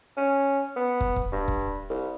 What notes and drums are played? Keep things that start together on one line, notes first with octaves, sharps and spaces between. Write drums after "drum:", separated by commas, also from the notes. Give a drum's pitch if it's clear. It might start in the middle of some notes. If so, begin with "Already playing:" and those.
C#4
B3
drum: kick
drum: kick
G2
drum: kick
C2